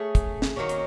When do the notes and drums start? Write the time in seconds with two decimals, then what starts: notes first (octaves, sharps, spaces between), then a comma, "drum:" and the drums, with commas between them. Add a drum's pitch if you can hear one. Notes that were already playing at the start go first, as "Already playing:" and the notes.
Already playing: A3 C#4 G#4
0.15 drum: kick, hi-hat
0.42 drum: snare
0.56 D#3 F#3 A#3 C#4
0.69 drum: hi-hat